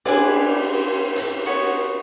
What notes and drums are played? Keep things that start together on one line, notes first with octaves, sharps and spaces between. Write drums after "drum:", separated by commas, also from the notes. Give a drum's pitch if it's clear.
D4 G#4 B4 D5, drum: cymbal
drum: hi-hat
B3 F#4 C#5